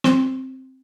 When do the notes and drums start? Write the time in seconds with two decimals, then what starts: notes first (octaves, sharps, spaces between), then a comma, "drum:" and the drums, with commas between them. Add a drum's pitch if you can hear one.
0.04 C4, drum: snare